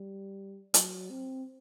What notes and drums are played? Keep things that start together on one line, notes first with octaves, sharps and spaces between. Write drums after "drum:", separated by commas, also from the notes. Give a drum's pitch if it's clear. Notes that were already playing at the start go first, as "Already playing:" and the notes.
Already playing: G3
F#3, drum: hi-hat
C4